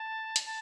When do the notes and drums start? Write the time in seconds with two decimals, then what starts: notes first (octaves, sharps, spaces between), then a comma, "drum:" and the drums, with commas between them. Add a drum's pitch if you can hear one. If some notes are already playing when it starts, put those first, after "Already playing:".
Already playing: A5
0.36 drum: hi-hat
0.46 A5